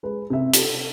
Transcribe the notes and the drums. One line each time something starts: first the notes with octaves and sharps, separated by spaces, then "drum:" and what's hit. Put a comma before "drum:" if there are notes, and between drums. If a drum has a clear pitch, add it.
G#3 B4
C3 E5
G4 A4, drum: hi-hat